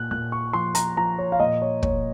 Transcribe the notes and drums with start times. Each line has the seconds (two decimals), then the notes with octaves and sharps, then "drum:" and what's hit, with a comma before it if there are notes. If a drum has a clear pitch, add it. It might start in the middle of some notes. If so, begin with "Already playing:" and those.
Already playing: A#2 F#6
0.11 A#2 F#6
0.32 C#6
0.53 F3 C6
0.75 A#5, drum: hi-hat
0.97 F3 A#5
1.19 C#5
1.32 F5
1.40 A#2 D#5
1.62 C#5
1.83 A#2 C#5, drum: kick